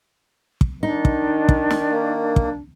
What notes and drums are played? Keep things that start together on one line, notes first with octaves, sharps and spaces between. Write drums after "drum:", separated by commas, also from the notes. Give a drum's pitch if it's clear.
drum: kick
D#3 D4 D#4
drum: kick
drum: kick
drum: snare
A#3
drum: kick